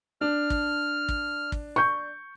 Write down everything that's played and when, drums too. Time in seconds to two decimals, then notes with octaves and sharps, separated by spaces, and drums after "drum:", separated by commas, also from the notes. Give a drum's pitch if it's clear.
0.21 D4 F6
0.50 drum: kick
1.09 drum: kick
1.52 drum: kick
1.76 C#6 G6